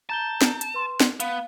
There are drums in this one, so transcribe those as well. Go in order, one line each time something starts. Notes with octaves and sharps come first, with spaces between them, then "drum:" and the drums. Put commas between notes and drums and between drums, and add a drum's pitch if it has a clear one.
A5 A#5 G6 G7
drum: snare
drum: hi-hat
B4 C6
drum: snare
B3 F5, drum: hi-hat